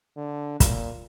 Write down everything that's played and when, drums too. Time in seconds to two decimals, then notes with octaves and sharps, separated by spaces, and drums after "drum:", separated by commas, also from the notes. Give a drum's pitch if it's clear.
0.17 D3
0.60 A#2, drum: kick, hi-hat